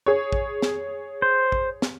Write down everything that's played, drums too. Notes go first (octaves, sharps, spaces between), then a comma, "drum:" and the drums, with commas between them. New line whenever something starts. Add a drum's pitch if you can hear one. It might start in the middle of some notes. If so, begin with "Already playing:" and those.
G#4 C#5
drum: kick A1
drum: snare
C5
drum: kick A1
drum: snare